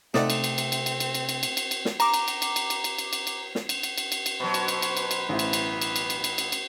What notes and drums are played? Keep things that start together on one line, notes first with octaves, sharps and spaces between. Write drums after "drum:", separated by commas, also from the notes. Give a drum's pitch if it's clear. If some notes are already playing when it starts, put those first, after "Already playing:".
C3 A3 C4 D#4 D5 F#5, drum: snare
drum: cymbal
drum: cymbal
drum: cymbal
drum: cymbal
drum: cymbal
drum: cymbal
drum: cymbal
drum: cymbal
drum: cymbal
drum: cymbal
drum: cymbal
drum: snare
A#5 D6, drum: cymbal
drum: cymbal
drum: cymbal
drum: cymbal
drum: cymbal
drum: cymbal
drum: cymbal
drum: cymbal
drum: cymbal
drum: cymbal
drum: snare
drum: cymbal
drum: cymbal
drum: cymbal
drum: cymbal
drum: cymbal
B2 F#3 B4 C5
drum: cymbal
drum: cymbal
drum: cymbal
drum: cymbal
drum: cymbal
A1 E4
drum: cymbal
drum: cymbal
drum: cymbal
drum: cymbal
drum: cymbal
drum: cymbal
drum: cymbal
drum: cymbal